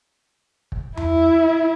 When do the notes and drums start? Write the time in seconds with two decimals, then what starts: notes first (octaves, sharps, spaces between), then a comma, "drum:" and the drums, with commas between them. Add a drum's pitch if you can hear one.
0.72 drum: kick
0.97 E4, drum: tom E2